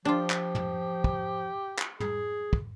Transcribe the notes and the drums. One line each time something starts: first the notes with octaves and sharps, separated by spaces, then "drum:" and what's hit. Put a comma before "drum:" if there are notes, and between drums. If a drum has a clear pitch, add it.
F3 D4 F4 G4
drum: clap
drum: tom
drum: kick
drum: clap
G#4, drum: tom
drum: kick